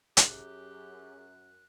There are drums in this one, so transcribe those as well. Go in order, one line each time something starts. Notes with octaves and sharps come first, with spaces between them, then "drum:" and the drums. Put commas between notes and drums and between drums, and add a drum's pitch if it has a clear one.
F#2 G4 G#4 F#6, drum: hi-hat